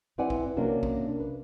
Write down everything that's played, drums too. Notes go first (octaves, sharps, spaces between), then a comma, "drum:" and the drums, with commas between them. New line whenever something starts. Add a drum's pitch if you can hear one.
C4 E4 B4 D5 F#5 G#5
drum: kick
C3 A#3 C#4 D4 F#4
drum: kick
B4